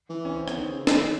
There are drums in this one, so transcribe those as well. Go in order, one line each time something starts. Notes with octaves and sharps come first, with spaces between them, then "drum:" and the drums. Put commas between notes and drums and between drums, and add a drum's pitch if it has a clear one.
E3
C#4
C4
B3, drum: rim click
D#3 C4
C#3
D#3 C#4, drum: snare